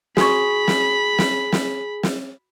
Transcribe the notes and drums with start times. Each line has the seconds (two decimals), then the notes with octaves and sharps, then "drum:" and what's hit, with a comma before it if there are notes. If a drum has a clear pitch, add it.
0.17 F#4 G#4 B5 C#6, drum: snare
0.68 drum: snare
1.19 drum: snare
1.52 drum: snare
2.03 drum: snare